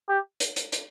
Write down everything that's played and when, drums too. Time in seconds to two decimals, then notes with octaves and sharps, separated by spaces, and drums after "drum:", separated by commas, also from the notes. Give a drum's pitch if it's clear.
0.09 G4
0.40 drum: hi-hat
0.56 drum: hi-hat
0.72 drum: hi-hat